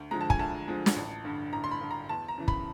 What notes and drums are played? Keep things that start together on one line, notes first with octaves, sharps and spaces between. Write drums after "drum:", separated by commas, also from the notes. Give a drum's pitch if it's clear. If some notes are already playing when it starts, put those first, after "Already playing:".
Already playing: D2
D3 F3 G#3 A#5
A5
G#5, drum: kick
D2 A5
D3 F3 G#3
drum: snare
A1
G2 D3
A1 A#5
C6
B5
G2 D3
A#5
E2 A5
A#5
C#3 E3
B5, drum: kick